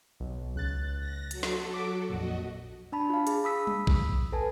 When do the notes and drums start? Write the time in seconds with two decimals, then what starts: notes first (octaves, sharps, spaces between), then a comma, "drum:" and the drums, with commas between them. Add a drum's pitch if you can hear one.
0.20 B1
0.55 C#2 F#6 A6
0.99 A#6
1.31 F#3 F#4 A4, drum: hi-hat
1.43 drum: snare
1.73 D6 B6 D7
2.09 A#1 F2 A#2 F#4 D#5
2.92 D4 A5 B5
3.10 F4 F5
3.27 G#4, drum: hi-hat
3.44 B5 D#6 E6 B6
3.67 drum: tom G3
3.87 drum: kick A#1
4.32 A4 B4 G#5 A5